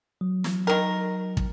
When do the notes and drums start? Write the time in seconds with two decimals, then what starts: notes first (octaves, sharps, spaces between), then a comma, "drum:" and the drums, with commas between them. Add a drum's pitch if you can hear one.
0.21 F#3
0.44 drum: snare
0.67 D#3 A#4
1.37 drum: kick